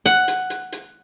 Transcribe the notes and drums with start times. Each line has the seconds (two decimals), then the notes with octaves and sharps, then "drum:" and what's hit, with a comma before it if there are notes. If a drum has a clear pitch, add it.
0.06 F#5, drum: hi-hat
0.28 drum: hi-hat
0.50 drum: hi-hat
0.72 drum: hi-hat